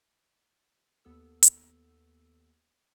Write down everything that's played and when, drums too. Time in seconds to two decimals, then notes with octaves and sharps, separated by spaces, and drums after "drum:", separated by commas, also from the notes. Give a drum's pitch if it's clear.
1.05 D#2 B3 A4 E6
1.43 drum: hi-hat